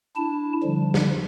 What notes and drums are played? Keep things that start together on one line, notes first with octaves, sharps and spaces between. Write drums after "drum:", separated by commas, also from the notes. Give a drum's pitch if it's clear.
D4 E4 A5
D3 F3 G3
drum: snare